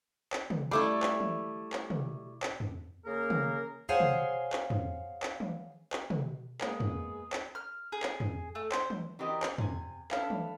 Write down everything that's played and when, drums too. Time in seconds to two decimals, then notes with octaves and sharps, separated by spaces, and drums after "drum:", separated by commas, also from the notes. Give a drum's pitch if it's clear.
0.33 drum: clap
0.50 drum: tom
0.71 G3 A3 E4 D6
1.03 drum: clap
1.20 drum: tom
1.73 drum: clap
1.90 drum: tom
2.43 drum: clap
2.60 drum: tom
3.06 C#3 A#3 G#4 A#4
3.30 drum: tom
3.89 G#4 C5 C#5 F5 F#5 G#5
4.00 drum: tom
4.53 drum: clap
4.70 drum: tom
5.23 drum: clap
5.40 drum: tom
5.93 drum: clap
6.10 drum: tom
6.61 G#3 A#3 B3 G#4, drum: clap
6.80 drum: tom
7.33 drum: clap
7.55 F6
7.92 G#4
8.03 drum: clap
8.20 drum: tom
8.55 A3
8.72 C5, drum: clap
8.90 drum: tom
9.19 E3 F#3 C4 G4 A#4 D#5
9.43 drum: clap
9.58 C3 G#5, drum: tom
10.11 D4 A4 B4 E5 F5, drum: clap
10.30 drum: tom